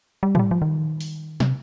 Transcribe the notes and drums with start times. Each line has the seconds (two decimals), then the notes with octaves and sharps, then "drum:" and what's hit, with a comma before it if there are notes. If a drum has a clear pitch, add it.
0.23 G3
0.35 F3, drum: tom
0.39 G3
0.51 F3
0.62 D#3
1.01 drum: open hi-hat
1.40 C3, drum: snare